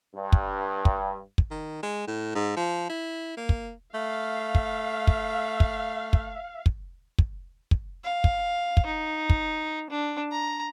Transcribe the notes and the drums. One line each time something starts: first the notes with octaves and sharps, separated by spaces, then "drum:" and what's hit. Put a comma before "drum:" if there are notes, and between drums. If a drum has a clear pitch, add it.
G2
drum: kick
drum: kick
drum: kick
D#3
G#3
A2
G#2
F3
E4
A#3
drum: kick
A3 F5
drum: kick
drum: kick
drum: kick
drum: kick
drum: kick
drum: kick
drum: kick
F5
drum: kick
drum: kick
D#4
drum: kick
D4
A#5